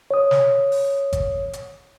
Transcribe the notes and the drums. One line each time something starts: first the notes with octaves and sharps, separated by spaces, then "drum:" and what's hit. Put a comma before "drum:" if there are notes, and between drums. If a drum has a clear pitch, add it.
C#5 D#6
drum: snare
drum: open hi-hat
drum: kick G#1, hi-hat
drum: hi-hat